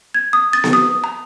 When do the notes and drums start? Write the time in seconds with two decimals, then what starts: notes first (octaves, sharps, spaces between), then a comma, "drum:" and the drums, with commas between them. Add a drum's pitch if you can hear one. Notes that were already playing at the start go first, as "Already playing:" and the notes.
0.14 G#6
0.33 D#6
0.53 A6
0.64 drum: snare B3
0.73 D#6
1.04 A#5